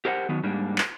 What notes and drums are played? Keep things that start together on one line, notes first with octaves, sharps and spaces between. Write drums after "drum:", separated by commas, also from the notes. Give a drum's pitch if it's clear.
G4 A#4 C5 E5 F#5
D#3 F#3 B3
G#2 G3 A#3 D4
drum: clap